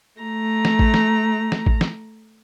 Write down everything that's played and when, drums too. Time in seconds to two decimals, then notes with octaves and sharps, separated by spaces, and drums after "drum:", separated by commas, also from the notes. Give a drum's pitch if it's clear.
0.21 A3 A#5
0.65 drum: snare
0.79 drum: kick
0.94 drum: snare
1.52 drum: snare
1.66 drum: kick
1.81 drum: snare